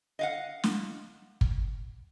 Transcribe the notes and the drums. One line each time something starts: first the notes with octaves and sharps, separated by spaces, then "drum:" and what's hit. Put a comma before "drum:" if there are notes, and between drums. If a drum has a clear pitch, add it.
D#5 F5 F#5
drum: snare
drum: kick